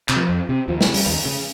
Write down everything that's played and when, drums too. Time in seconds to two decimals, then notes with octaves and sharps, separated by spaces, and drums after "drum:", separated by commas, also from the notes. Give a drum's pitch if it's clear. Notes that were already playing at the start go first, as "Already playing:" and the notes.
0.09 C3, drum: clap
0.16 F3
0.29 F2
0.49 C3
0.68 D#2 F3
0.81 G3, drum: snare
0.87 C#3
0.94 G3, drum: open hi-hat
1.06 D#2
1.25 C#3